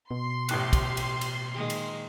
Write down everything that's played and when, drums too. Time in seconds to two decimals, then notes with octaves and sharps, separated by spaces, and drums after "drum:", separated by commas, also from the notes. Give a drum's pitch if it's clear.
0.11 B2 C6
0.49 A1 A2 G4 F#6, drum: cymbal
0.73 drum: kick, cymbal
0.97 drum: cymbal
1.21 drum: cymbal
1.52 A#2 D#3 G#3
1.70 drum: cymbal